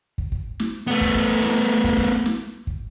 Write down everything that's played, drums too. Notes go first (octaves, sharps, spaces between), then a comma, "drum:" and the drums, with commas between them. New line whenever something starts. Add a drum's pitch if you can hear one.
drum: kick
drum: kick
drum: snare
A3 B3
drum: kick
drum: kick
drum: snare
drum: kick
drum: kick
drum: snare
drum: kick